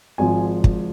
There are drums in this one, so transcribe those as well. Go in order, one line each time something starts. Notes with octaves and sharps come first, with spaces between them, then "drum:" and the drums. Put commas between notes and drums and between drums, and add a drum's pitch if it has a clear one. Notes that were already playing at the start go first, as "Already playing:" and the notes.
G#1 G#2 F3 G#5
drum: kick